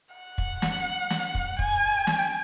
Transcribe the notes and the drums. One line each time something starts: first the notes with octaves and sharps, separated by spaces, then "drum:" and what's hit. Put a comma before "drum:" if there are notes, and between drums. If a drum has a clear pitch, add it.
F#5
drum: kick
drum: snare
drum: snare
drum: kick
G#5, drum: kick
drum: snare